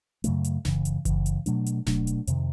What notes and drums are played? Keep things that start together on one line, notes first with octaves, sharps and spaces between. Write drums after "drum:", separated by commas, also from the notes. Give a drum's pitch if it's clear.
F#2 C#3 F#3 A3, drum: hi-hat
drum: hi-hat
F#2 C#3 E3, drum: snare D1
drum: hi-hat
F#2 C#3 E3, drum: kick F#1, hi-hat
drum: hi-hat
B2 F#3 A3 D4, drum: hi-hat
drum: hi-hat
B2 F#3 A3 D4, drum: snare D1
drum: hi-hat
F2 C3 D#3, drum: hi-hat